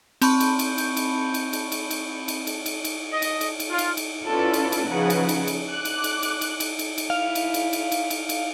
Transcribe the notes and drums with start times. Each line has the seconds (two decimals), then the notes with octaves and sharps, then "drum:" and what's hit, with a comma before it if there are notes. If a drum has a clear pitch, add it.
0.22 C4 A5 B5 C#6 G6, drum: cymbal
0.40 drum: cymbal
0.59 drum: cymbal
0.78 drum: cymbal
0.97 drum: cymbal
1.34 drum: cymbal
1.53 drum: cymbal
1.72 drum: cymbal
1.91 drum: cymbal
2.28 drum: cymbal
2.47 drum: cymbal
2.66 drum: cymbal
2.84 drum: cymbal
3.12 D#5
3.22 drum: cymbal
3.41 drum: cymbal
3.60 drum: cymbal
3.69 F4
3.78 drum: cymbal
3.97 drum: cymbal
4.26 C#4 E4 F4 A4 B4 D5
4.54 drum: cymbal
4.72 drum: cymbal
4.86 C#3 F3 D#4 B4 F#5
5.10 drum: cymbal
5.29 drum: cymbal
5.47 drum: cymbal
5.70 D6 F#6
5.85 drum: cymbal
6.04 drum: cymbal
6.23 drum: cymbal
6.41 drum: cymbal
6.60 drum: cymbal
6.79 drum: cymbal
6.98 drum: cymbal
7.10 E4 F5
7.35 drum: cymbal
7.54 drum: cymbal
7.73 drum: cymbal
7.92 drum: cymbal
8.10 drum: cymbal
8.29 drum: cymbal